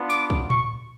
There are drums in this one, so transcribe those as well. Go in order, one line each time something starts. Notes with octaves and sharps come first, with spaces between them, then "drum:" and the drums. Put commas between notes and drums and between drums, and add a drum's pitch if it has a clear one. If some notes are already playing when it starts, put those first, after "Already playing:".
Already playing: B3 D4 F4
D6, drum: tambourine
drum: kick
C#6, drum: tom A2